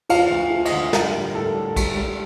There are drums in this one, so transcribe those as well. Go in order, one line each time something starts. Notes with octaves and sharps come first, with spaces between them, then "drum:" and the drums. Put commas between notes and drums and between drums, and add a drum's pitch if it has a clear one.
F3 F5, drum: cymbal
D2
F3
D#5, drum: cymbal
D3
G3 A#4, drum: snare
A2
A2 A4
G3
G3, drum: kick A#1, cymbal
G3